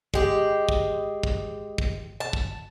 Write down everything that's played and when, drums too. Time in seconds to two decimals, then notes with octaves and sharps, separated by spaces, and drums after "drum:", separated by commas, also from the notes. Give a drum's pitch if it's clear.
0.14 G#3 G4, drum: kick
0.69 drum: kick
1.23 drum: kick
1.78 drum: kick
2.20 A5
2.33 drum: kick